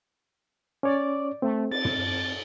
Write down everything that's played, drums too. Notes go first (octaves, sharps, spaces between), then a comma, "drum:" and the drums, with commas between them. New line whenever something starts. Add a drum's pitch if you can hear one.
C#4 C#5 D5
A3 C4
A6, drum: cymbal
drum: tom